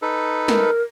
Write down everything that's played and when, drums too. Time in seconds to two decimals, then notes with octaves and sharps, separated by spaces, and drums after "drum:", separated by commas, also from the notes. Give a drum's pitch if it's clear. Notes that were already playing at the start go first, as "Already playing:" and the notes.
0.02 D#4 A4 B4
0.48 A#4, drum: snare